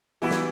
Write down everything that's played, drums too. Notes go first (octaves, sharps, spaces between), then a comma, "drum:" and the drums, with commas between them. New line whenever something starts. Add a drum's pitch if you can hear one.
E3 B3 E4 F#4 G4 B4
drum: snare